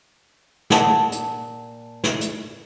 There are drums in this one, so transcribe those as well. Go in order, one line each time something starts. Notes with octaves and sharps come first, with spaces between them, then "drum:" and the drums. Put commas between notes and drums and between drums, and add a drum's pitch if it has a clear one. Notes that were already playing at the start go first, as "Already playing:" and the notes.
A#2 F#5 A5, drum: snare
drum: hi-hat
drum: snare
drum: hi-hat